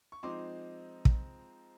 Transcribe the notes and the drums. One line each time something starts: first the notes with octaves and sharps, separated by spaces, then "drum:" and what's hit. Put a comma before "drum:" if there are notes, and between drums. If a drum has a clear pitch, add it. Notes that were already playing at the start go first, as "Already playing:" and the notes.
C#6
F3 G#3 C4 D#4 C6 D6
drum: kick